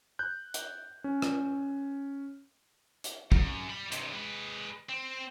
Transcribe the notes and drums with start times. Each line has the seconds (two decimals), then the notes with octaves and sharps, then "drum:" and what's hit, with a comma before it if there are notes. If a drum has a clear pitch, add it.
0.19 F#6 G6
0.54 drum: hi-hat
1.04 C#4
1.22 drum: rim click
3.04 drum: hi-hat
3.32 F#2, drum: kick
3.70 G3 B5
3.92 G2 C3, drum: hi-hat
4.13 G#3 B4
4.89 C4